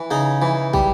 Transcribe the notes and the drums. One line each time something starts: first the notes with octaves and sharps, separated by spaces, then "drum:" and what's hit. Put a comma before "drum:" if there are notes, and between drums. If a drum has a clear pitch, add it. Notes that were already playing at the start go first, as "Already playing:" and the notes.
Already playing: E3
C#3 D#4
E3
G3, drum: kick